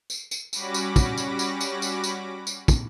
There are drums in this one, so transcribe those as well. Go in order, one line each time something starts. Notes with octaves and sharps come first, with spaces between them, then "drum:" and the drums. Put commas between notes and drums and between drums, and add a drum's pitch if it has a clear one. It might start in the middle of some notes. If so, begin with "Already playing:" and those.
drum: tambourine
drum: tambourine
G3 C#4 F#4 B5 D6 A#6, drum: tambourine
drum: tambourine
drum: kick, tambourine
drum: tambourine
drum: tambourine
drum: tambourine
drum: tambourine
drum: tambourine
drum: tambourine
drum: kick, tambourine